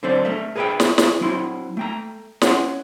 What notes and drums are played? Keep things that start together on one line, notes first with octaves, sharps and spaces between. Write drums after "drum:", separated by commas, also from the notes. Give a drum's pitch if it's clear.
D3 F#3 C4 C5 D5
A3 A#4 E5
G#4 A#4 B4 C#5 E5 G5
drum: snare
drum: snare
F#3 C4 E4 F#4 C6
A3 G5 A#5
C#4 C#5 F#5 C6, drum: snare